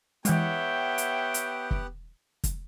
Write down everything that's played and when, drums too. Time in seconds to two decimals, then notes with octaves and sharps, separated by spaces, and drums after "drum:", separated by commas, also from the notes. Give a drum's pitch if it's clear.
0.25 E3 G#3 B3 G4 C#5 E5 F#5 G5, drum: hi-hat
0.98 drum: hi-hat
1.34 drum: hi-hat
1.71 drum: kick
2.44 drum: kick, hi-hat